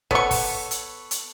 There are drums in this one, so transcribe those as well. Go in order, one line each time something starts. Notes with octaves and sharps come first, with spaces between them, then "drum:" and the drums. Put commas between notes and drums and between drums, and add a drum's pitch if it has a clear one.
B3 A4 B4 C#5 C#6, drum: kick
drum: kick, open hi-hat
drum: hi-hat
drum: hi-hat